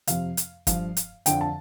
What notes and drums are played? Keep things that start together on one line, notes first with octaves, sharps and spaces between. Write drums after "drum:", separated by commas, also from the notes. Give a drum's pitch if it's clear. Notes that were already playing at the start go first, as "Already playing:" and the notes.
F2 C3 F3 F5, drum: hi-hat
drum: hi-hat
G2 F3 F5, drum: kick, hi-hat
drum: hi-hat
F2 D3 F3 G5, drum: hi-hat
A5